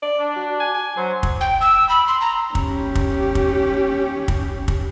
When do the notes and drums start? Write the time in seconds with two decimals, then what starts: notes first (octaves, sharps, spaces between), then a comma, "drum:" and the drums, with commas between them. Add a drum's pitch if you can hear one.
0.03 D5
0.19 D4
0.36 F#4
0.60 G#5
0.74 G#5
0.97 F#3 C5
1.23 drum: kick
1.41 G5
1.61 E6
1.89 B5
2.08 C6
2.21 A#5
2.55 C#4 G4, drum: kick
2.95 drum: kick
3.35 drum: kick
4.28 drum: kick
4.68 drum: kick